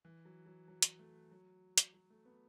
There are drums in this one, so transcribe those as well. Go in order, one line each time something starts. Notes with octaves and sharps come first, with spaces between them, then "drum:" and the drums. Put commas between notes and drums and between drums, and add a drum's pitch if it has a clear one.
E3
F#3
F#3
F#3
drum: hi-hat
A3
F#3
drum: hi-hat
F#3
A3
B3